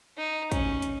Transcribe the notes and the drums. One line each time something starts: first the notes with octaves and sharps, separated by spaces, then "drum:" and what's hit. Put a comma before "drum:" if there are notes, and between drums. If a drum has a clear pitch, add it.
D#4
C#4, drum: kick, hi-hat
drum: hi-hat